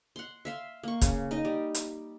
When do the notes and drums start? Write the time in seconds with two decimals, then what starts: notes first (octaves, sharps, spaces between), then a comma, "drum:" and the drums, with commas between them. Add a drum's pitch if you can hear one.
0.16 F#5 C6
0.45 E5 F5 C6
0.83 A#3 C#6
1.01 C#3, drum: kick, hi-hat
1.31 D#4 D#5
1.45 G3
1.75 drum: hi-hat